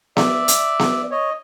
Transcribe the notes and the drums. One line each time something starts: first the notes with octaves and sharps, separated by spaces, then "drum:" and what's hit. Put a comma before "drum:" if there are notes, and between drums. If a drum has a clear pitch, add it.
D5 E5, drum: snare B3
drum: hi-hat
drum: snare B3
C#5 D#5